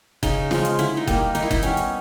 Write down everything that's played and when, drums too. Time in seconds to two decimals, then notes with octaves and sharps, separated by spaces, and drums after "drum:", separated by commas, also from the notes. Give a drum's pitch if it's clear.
0.23 C#3 D#4, drum: kick F#1, hi-hat
0.51 F3 G#3 F4, drum: snare
0.65 drum: hi-hat
0.79 D3 E4, drum: hi-hat
0.97 D#4
1.07 G3 A#3, drum: kick F#1, hi-hat
1.16 D#4
1.35 D#3 D#4, drum: hi-hat
1.43 E4
1.51 D#4, drum: kick F#1, hi-hat
1.63 G3 B3 C#4, drum: hi-hat
1.77 drum: hi-hat